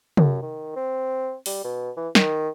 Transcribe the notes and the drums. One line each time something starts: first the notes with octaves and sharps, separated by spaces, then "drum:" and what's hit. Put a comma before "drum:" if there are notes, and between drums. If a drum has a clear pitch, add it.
F#2, drum: tom
D#3
C4
G3, drum: open hi-hat
B2
E3
D#3, drum: snare